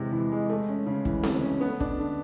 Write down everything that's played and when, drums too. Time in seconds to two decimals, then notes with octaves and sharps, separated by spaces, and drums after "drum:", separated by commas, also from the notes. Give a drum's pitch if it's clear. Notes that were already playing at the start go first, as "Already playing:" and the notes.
Already playing: E2 C3 E3 G#3
0.13 E3
0.32 G#3
0.49 A3
0.68 C#4
0.86 C#3
1.05 E3, drum: kick
1.23 A3, drum: snare C4
1.42 C#4
1.61 B3
1.80 D4, drum: kick
1.98 D3